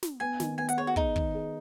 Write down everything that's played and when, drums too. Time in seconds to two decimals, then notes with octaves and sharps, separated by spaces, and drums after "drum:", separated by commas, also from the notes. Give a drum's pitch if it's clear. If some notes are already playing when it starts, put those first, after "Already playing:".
0.03 drum: snare
0.20 B3 G#5
0.40 D#3, drum: snare
0.58 B3 G#5
0.69 F#5, drum: hi-hat
0.77 G#4 C#5
0.87 F#4
0.96 D#4 G#4, drum: kick
1.16 D#3, drum: kick
1.35 G#4